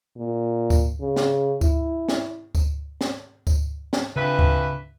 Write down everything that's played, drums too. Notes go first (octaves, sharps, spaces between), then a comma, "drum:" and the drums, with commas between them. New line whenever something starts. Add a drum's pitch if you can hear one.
A#2
drum: kick D2, tambourine
C#3
drum: snare
E4, drum: kick D2, tambourine
drum: snare
drum: kick D2, tambourine
drum: snare
drum: kick D2, tambourine
drum: snare
F2 C#3 E3 D4 B4
drum: kick D2